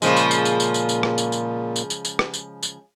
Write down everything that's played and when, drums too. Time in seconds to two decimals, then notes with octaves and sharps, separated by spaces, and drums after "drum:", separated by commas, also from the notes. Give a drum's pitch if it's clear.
0.02 A#2 C#3 F3 G#3, drum: tambourine
0.16 drum: tambourine
0.31 drum: tambourine
0.45 drum: tambourine
0.60 drum: tambourine
0.74 drum: tambourine
0.89 drum: tambourine
1.03 drum: rim click
1.18 drum: tambourine
1.32 drum: tambourine
1.76 drum: tambourine
1.90 drum: tambourine
2.05 drum: tambourine
2.19 drum: rim click
2.34 drum: tambourine
2.63 drum: tambourine